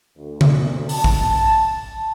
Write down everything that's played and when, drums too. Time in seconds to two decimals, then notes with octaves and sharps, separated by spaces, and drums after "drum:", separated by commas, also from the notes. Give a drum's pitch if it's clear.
0.17 D2
0.41 drum: tom C#3
0.89 A5, drum: open hi-hat
1.04 drum: kick A1